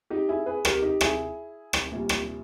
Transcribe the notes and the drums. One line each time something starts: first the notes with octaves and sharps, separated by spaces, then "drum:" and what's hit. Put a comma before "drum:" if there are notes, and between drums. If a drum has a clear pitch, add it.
D#4 G4
E4 G#4
G#4 B4
G4 A#4, drum: rim click
D#4 G4
E4 G#4, drum: rim click
drum: rim click
A#1 A#2 G3
drum: rim click